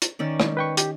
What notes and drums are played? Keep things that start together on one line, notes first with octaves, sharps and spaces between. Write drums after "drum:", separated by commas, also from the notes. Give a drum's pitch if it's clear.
drum: hi-hat
D#3 C#4 D5
drum: rim click
B4 G5 C#6
G4, drum: hi-hat